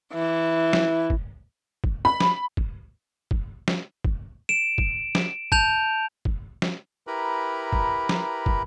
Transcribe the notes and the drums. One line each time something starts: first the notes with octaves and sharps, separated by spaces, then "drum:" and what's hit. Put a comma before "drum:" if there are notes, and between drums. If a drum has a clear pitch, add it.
E3
drum: snare
drum: kick
drum: kick
B5
drum: snare
drum: kick
drum: kick
drum: snare
drum: kick
D7 E7
drum: kick
drum: snare
A5 G6 F7, drum: kick
drum: kick
drum: snare
E4 G4 A#4 B4 A#5 B5
drum: kick
drum: snare
drum: kick